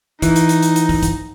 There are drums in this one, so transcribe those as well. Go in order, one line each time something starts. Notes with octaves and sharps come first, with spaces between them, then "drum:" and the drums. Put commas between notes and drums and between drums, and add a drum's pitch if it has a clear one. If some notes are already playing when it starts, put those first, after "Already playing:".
E3 D#4, drum: kick, hi-hat
drum: hi-hat
drum: hi-hat
drum: hi-hat
drum: hi-hat
drum: kick, open hi-hat
drum: kick, hi-hat